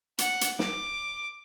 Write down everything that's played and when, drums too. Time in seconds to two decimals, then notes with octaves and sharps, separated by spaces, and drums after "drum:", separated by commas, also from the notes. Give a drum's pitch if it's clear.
0.18 F#5, drum: hi-hat
0.41 drum: hi-hat
0.59 D6, drum: snare